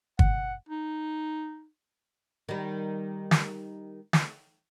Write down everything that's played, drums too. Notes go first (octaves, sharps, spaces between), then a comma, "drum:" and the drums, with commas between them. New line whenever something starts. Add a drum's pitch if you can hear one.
F#5, drum: kick G1
D#4
D#3 G3
drum: snare
drum: snare